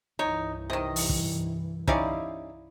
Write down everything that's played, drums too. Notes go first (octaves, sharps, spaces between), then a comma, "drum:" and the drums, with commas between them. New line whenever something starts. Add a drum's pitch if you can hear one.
C2 G2 E3 D#4 C#5
C3 D#3 D#5
drum: open hi-hat
drum: kick
G3 C#4 D#4 E4 D5 F5, drum: kick